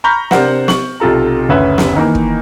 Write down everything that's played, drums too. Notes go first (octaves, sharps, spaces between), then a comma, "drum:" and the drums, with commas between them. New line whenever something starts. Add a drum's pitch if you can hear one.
A#5 B5 C#6 F6 G6
C3 D4 A#4 C5 F#5, drum: snare
C#6 F#7, drum: snare
B1 C3 F4 A4 A#5
F#1 D2 C#4 B4 E5 E6
drum: snare
D#3 E3 A#3
drum: kick